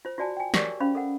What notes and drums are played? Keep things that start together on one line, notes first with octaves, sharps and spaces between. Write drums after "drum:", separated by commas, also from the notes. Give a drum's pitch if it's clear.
F4 C5
F4 F#4 D5 G#5 A5
G5 G#5
G4 G#4 A#4 C#5 D5, drum: snare
C#4 C5 F5 B5
A4 A#4 F#5